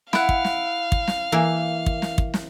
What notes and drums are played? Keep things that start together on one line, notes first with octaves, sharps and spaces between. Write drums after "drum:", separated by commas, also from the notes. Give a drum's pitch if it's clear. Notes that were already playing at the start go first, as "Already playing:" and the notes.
E4 F5 F#5, drum: snare
drum: kick
drum: snare
drum: kick
drum: snare
E3 A#3 E5
drum: kick
drum: snare
drum: kick
drum: snare